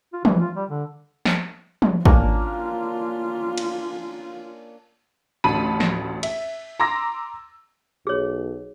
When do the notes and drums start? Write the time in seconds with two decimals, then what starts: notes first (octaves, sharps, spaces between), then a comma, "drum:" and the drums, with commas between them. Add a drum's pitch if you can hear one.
0.13 F4
0.25 E3, drum: tom
0.40 F4
0.56 G3
0.69 D3
1.25 drum: snare
1.82 drum: tom
2.05 A#3 C#4 D4 F4, drum: kick
3.58 drum: cymbal
5.44 A1 D2 A5 B5 D#7
5.80 drum: snare
6.23 E5, drum: cymbal
6.80 A#5 C6 D6 E6 A#6
8.07 B1 G#4 C#5